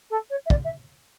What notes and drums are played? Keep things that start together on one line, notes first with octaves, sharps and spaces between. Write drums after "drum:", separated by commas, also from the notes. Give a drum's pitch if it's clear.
A4
C#5
E5
D5, drum: kick
E5